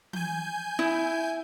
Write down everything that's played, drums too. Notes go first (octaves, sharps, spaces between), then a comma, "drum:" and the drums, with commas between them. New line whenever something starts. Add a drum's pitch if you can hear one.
G#5 G6, drum: tom E3
E4